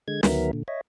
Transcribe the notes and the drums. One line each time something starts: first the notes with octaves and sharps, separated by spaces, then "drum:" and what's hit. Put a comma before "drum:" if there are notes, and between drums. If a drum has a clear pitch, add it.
D3 G#3 G#6
D2 D#3 F#3 B3 A#4 E5, drum: snare
A#2 D3
C#5 D#5 E5